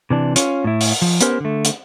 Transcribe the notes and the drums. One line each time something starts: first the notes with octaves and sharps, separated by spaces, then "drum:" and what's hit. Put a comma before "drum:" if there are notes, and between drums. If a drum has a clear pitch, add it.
C3 E3 D4
C#4 F4, drum: hi-hat
A2 E4
drum: open hi-hat
F3
B3 C#4 G4 A#4 C5, drum: hi-hat
D3 A3
drum: hi-hat